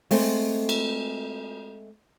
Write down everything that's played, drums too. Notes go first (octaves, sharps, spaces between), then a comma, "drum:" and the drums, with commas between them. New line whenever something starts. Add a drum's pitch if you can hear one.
G#3 A3 C4, drum: open hi-hat
drum: cymbal